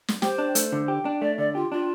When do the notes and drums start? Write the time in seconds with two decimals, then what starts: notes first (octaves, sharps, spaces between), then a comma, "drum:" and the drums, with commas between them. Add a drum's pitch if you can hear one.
0.08 drum: snare
0.22 G4 C5, drum: snare
0.38 D4
0.55 A3, drum: hi-hat
0.72 D3
0.88 G4
1.05 D4
1.22 A3 D5
1.38 D3 D5
1.55 F4 G4
1.72 D4 F4